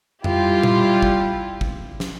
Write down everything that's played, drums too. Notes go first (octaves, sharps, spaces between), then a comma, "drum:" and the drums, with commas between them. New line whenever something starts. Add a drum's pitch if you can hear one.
G3 E4 F4 G4, drum: tom F2
drum: tom
drum: kick
drum: kick
drum: snare